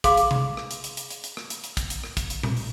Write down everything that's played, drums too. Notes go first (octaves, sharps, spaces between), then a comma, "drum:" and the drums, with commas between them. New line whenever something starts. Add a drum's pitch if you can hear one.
G#4 F5 C6 D6, drum: kick, hi-hat
drum: hi-hat
drum: tom C3
drum: rim click
drum: hi-hat
drum: hi-hat
drum: hi-hat
drum: hi-hat
drum: hi-hat
drum: rim click
drum: hi-hat
drum: hi-hat
drum: kick, hi-hat
drum: hi-hat
drum: rim click
drum: kick, hi-hat
drum: hi-hat
drum: tom A#2
drum: open hi-hat